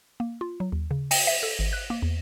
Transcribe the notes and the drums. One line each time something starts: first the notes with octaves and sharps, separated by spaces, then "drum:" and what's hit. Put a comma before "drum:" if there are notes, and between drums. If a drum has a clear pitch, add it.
A#3
F4
F#3
D#2
C#3
G5, drum: open hi-hat
E5
A4
G#1
F#6
A#3
E2